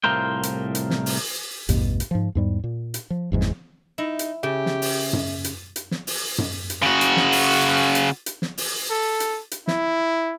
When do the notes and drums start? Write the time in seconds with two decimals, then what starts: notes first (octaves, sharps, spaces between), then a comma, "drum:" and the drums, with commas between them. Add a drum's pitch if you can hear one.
0.04 C2 A2 F4 A#4 C5 G5
0.43 drum: hi-hat
0.75 drum: hi-hat
0.90 drum: snare
1.06 drum: open hi-hat
1.69 A1 E2 G2 B2, drum: hi-hat
2.00 drum: hi-hat
2.11 G#2 F3
2.35 E2 G#2 G3
2.64 A#2
2.94 drum: hi-hat
3.10 F3
3.32 F#1 E2 G#2
3.41 drum: snare
3.98 D#4 E4
4.19 drum: hi-hat
4.43 C#3 G4 E5
4.66 drum: snare
4.82 drum: open hi-hat
5.13 drum: tom F#2
5.44 drum: hi-hat
5.76 drum: hi-hat
5.91 drum: snare
6.07 drum: open hi-hat
6.38 drum: tom F#2
6.70 drum: hi-hat
6.82 C#3 F#4
7.01 drum: hi-hat
7.17 drum: snare
7.32 drum: open hi-hat
7.95 drum: hi-hat
8.26 drum: hi-hat
8.42 drum: snare
8.58 drum: open hi-hat
8.90 A4
9.20 drum: hi-hat
9.51 drum: hi-hat
9.68 E4, drum: snare